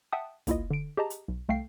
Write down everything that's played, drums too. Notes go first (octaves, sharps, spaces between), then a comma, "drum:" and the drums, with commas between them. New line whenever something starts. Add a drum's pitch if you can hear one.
E5 F#5 G5 A5 D#6
C#2 A#3 E4 F4 D#5, drum: kick, hi-hat
D3 D7
G4 G#4 D#5 A5 A#5
drum: hi-hat
B1
C2 A3 F5 G5 C7